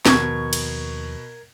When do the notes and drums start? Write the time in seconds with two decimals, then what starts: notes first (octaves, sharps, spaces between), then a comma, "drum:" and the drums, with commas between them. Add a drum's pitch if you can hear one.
0.05 D#2 B2 D#3 F3 A#4 C#6 G#6, drum: snare
0.53 drum: cymbal